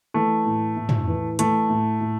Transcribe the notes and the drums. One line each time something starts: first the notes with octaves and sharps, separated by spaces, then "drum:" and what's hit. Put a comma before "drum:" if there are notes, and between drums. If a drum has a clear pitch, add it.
E3 A3
A2
A2
drum: tom
E3
E3 A3, drum: hi-hat
A2
A2